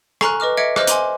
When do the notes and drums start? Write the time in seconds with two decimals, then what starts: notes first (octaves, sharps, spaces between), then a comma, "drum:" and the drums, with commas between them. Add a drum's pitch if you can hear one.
0.21 A4 G#5 A#5 C#6 F6 F#6, drum: rim click
0.40 B4 D#5 D6 F6
0.57 D#5 E5 D6 G#6 C#7 D7
0.76 C5 D#5 F6 F#6, drum: rim click
0.87 G#5 C6 D6 F#7, drum: hi-hat